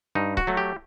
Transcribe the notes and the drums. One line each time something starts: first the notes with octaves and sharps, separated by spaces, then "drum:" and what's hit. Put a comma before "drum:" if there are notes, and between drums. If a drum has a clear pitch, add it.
G2 D#4
F#4, drum: kick C#1
F#3 A3
G4